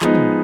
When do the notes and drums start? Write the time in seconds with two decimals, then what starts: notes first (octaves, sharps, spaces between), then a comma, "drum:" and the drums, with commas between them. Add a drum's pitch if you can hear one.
0.01 F3 G#3 B3 D#4, drum: clap
0.15 drum: tom